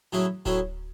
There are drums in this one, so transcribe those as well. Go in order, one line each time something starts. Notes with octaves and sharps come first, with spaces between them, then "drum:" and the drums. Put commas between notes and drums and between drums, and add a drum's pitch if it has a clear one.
A2 F#3 C#4 E4 G#4
A2 F#3 C#4 E4 G#4, drum: kick D1